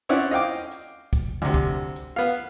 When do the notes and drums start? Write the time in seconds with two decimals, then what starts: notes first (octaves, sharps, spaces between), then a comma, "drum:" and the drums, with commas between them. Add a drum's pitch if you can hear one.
0.09 C4 C#4 E4 D5 F#5
0.31 D#5 F5 G5 D6, drum: hi-hat
0.71 drum: hi-hat
1.13 drum: kick, hi-hat
1.42 D2 C3
1.54 drum: kick, hi-hat
1.96 drum: hi-hat
2.16 B3 F5